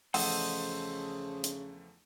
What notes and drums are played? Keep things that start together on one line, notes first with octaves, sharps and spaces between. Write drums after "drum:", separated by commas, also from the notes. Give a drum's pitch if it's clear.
E2 C#3 F3 A3 A4 C5 D#5 F#5, drum: open hi-hat
drum: hi-hat